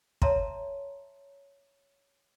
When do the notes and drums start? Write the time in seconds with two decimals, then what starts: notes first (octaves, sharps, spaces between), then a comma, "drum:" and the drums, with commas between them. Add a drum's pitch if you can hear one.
0.22 C#5 E5 A5 A#5 C6, drum: kick